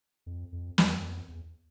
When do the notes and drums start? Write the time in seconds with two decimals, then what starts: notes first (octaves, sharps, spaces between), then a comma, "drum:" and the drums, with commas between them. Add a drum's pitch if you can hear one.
0.26 F2
0.53 F2
0.78 E2, drum: snare
0.94 F#2
1.04 F2
1.29 E2